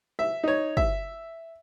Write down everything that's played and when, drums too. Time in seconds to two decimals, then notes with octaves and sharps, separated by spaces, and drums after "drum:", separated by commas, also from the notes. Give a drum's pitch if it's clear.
0.19 E5
0.43 D#4 C#5
0.77 E5, drum: kick